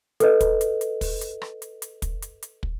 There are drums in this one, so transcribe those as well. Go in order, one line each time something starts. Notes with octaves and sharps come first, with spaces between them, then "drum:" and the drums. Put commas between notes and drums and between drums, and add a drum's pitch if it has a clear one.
A4 B4 D#5, drum: hi-hat
drum: kick, hi-hat
drum: hi-hat
drum: hi-hat
drum: kick, open hi-hat
drum: hi-hat
drum: rim click
drum: hi-hat
drum: hi-hat
drum: kick, hi-hat
drum: hi-hat
drum: hi-hat
drum: kick